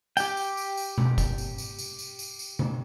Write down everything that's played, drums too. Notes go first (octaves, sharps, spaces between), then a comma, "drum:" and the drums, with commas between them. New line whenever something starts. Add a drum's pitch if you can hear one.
G4 G5, drum: tambourine
drum: tambourine
drum: tambourine
drum: tambourine
drum: tom B2
drum: kick F#1, tambourine
drum: tambourine
drum: tambourine
drum: tambourine
drum: tambourine
drum: tambourine
drum: tambourine
drum: tom C#3